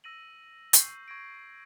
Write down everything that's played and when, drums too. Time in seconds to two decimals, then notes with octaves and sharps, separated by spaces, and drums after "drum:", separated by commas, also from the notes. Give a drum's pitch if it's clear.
0.04 E6 A#6 D#7 F#7
0.73 C#6 G6 C7 D#7, drum: hi-hat
1.08 C#6 G#6 A#6 D7